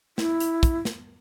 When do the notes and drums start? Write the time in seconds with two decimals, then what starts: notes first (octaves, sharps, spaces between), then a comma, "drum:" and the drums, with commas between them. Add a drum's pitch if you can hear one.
0.18 E4, drum: snare
0.40 drum: hi-hat
0.63 drum: kick, hi-hat
0.85 drum: snare